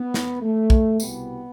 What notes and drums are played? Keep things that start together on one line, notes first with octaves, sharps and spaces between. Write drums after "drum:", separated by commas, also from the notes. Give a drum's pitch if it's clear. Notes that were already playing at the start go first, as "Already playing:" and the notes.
Already playing: B3
drum: snare
A3
drum: kick
C2 B2 G3 B3, drum: tambourine